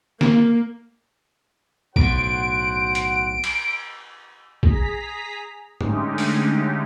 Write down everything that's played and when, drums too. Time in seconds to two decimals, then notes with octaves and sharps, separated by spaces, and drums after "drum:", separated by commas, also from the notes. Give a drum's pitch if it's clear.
0.21 A#3, drum: snare
1.96 B1 A2 F#4 C5 F#5 D7, drum: kick A#1
2.95 drum: hi-hat
3.44 drum: cymbal
4.63 G#4 A#5 B6, drum: kick A#1
5.81 D3 G#3 A3 C#4 D#4 G4, drum: tom G#2
6.18 drum: open hi-hat